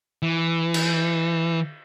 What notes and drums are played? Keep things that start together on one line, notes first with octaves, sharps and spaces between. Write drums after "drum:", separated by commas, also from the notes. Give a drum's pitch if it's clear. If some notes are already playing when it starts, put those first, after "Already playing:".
E3
drum: cymbal